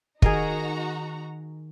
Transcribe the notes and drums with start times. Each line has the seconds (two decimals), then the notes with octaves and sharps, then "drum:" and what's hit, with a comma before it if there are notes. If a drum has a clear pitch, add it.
0.22 D#3 D#4 F#4 G#4 A#4 D#5 A#5, drum: kick